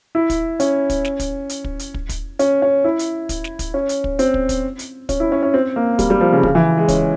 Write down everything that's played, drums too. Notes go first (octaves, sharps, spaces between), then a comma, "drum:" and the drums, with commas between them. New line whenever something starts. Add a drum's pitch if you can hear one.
E4
drum: kick, hi-hat
C#4, drum: hi-hat
drum: kick, hi-hat
drum: snare
drum: kick, hi-hat
drum: hi-hat
drum: kick
drum: hi-hat
drum: kick
drum: kick, hi-hat
C#4, drum: hi-hat
C#4
E4
drum: hi-hat
drum: kick, hi-hat
drum: snare
drum: kick, hi-hat
C#4
drum: hi-hat
drum: kick
C4, drum: hi-hat
drum: kick
drum: kick, hi-hat
drum: hi-hat
C#4, drum: kick, hi-hat
E4
C#4
C#4
C4
A#3
G3, drum: kick, hi-hat
G3
F3
C#3
C#3, drum: kick
E3
G#3
C#4, drum: kick, hi-hat